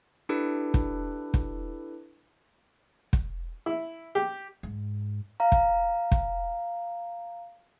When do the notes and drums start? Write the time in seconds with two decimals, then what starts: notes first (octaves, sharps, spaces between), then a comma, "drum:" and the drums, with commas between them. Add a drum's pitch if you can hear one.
0.29 D4 E4 G4 A4 B4
0.74 drum: kick
1.34 drum: kick
3.13 drum: kick
3.66 E4
4.15 G4
4.63 G#2
5.40 F5 A#5
5.52 drum: kick
6.12 drum: kick